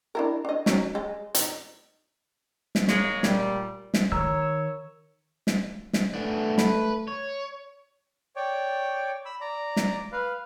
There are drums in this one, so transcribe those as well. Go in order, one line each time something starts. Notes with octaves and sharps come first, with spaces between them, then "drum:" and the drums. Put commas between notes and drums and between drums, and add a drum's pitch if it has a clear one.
D4 E4 A#4
D4 D#5
F#3 C#4 D#4, drum: snare
G#3
D#4, drum: hi-hat
drum: snare
G#2 G#3 A#3 C#5, drum: snare
A#2 G3, drum: snare
drum: snare
D#3 A#4 C#5 E6
drum: snare
drum: snare
A3 B3 D4
B4, drum: snare
C#5
C#5 D5 G5
B5 E6
D5 A#5
drum: snare
B4 F5